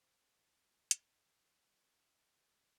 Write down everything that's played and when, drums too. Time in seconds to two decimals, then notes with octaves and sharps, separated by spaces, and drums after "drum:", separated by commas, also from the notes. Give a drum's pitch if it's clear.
0.02 C5 C#5 E5
0.91 drum: hi-hat